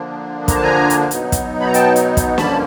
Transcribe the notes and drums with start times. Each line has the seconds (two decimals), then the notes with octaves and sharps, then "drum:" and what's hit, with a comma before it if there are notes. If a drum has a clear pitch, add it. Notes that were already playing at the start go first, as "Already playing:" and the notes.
Already playing: D3 F3 A#3 D4
0.48 A#5, drum: kick, hi-hat
0.56 A5
0.63 G#5 A#5
0.90 drum: hi-hat
1.11 B2 F#3 B3 D#4, drum: hi-hat
1.32 drum: kick, hi-hat
1.60 B5
1.66 A#5
1.74 G5 A5, drum: hi-hat
1.96 drum: hi-hat
2.17 drum: kick, hi-hat
2.38 G2 D3 F3 A#3 C#4 A5 B5, drum: snare